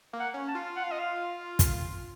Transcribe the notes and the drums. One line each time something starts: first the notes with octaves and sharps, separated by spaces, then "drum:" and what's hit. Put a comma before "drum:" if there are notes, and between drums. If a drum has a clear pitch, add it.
A#3
F#5
C#4
A5
F4
F#5
F5
D#5
F5
drum: kick, hi-hat